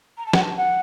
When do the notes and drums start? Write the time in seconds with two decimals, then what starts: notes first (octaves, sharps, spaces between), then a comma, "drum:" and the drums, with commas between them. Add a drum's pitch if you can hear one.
0.17 A#5
0.26 A5
0.33 F#5, drum: snare
0.41 A5
0.56 F#5